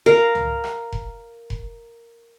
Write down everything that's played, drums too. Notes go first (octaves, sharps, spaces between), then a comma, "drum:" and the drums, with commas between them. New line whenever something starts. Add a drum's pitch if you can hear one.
A#4 F5
drum: tom
drum: rim click
drum: kick F1
drum: kick F1